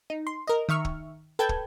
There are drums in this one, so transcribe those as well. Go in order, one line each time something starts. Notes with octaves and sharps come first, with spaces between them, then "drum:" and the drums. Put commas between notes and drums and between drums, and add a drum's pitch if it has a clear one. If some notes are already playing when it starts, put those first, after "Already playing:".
D#4
C6
A#4 D#5
D#3 E5 C#6 F6
drum: kick
A4 B4 G5 A5 G6 G#6
drum: kick